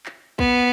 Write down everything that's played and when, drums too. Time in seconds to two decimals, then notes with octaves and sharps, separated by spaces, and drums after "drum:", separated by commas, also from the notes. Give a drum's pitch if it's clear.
0.06 drum: clap
0.39 B3, drum: kick A#1